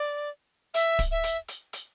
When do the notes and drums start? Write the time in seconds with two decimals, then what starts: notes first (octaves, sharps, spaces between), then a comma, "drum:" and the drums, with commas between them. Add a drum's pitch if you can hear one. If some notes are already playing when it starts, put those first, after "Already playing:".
Already playing: D5
0.74 E5, drum: hi-hat
0.99 drum: kick D1, hi-hat
1.11 E5
1.24 drum: hi-hat
1.48 drum: hi-hat
1.73 drum: hi-hat